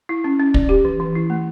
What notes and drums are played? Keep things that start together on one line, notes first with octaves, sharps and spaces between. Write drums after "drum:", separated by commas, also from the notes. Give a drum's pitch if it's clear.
E4
C#4
C#4
D5, drum: kick
G4
E3
E3
E4
A3